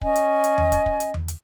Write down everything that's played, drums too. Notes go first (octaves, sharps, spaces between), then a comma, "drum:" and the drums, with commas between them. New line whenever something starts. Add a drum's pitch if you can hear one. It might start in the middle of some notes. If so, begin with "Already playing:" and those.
C#4 D#5 G#5, drum: kick
drum: hi-hat
drum: hi-hat
drum: tom E2
drum: kick, hi-hat
drum: kick
drum: hi-hat
drum: tom E2
drum: hi-hat